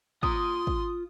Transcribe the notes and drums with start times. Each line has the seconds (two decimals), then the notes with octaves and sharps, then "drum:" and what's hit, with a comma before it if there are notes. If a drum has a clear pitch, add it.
0.23 F4 A#5 C6 D#6, drum: kick
0.67 drum: kick